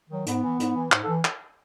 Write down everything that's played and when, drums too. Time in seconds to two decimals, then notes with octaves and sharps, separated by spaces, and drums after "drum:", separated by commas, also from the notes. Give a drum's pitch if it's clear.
0.10 D#3 F#3
0.26 G#2 B3, drum: hi-hat
0.43 E3
0.60 G#2, drum: hi-hat
0.75 E3
0.92 G#2, drum: clap
1.03 E3 A4
1.25 drum: clap